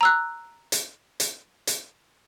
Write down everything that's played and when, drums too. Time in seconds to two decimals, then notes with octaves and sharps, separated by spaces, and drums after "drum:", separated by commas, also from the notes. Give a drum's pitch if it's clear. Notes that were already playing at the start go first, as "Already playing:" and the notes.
0.01 A#5 E6 F#6
0.72 drum: hi-hat
1.20 drum: hi-hat
1.67 drum: hi-hat